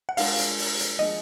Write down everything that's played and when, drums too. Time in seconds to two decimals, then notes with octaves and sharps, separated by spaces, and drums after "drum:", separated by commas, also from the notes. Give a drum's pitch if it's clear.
0.09 F#5
0.17 G#3 D4 F4 A#4 F5, drum: open hi-hat
0.38 drum: hi-hat
0.59 drum: open hi-hat
0.79 drum: hi-hat
0.99 F3 G#3 D4 G#4 D#5